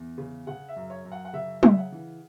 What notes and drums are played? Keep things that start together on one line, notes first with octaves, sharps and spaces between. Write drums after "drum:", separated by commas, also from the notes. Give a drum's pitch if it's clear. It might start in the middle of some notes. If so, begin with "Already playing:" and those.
Already playing: E2
C#3
C#3 F#5
E5
F#2
C#5
F#2
F#5
F#5
C#3 E5
C#3, drum: tom
E5
F#5
E3